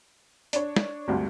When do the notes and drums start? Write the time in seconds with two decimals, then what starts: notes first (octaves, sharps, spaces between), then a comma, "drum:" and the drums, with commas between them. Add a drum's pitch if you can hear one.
0.53 D4 C#5, drum: hi-hat
0.76 drum: snare
1.08 G#1 D2 G2